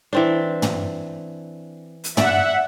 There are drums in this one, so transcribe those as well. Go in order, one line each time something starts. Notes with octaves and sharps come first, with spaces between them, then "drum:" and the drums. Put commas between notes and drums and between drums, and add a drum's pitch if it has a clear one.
E3 C4 D4
drum: tom
drum: hi-hat
D5 E5 F#5, drum: tom